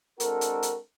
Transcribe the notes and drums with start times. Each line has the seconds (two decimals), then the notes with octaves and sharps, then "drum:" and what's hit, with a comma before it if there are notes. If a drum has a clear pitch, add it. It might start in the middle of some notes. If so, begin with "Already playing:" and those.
0.20 G#3 C4 D4 F#4 A4 A#4, drum: hi-hat
0.41 drum: hi-hat
0.63 drum: hi-hat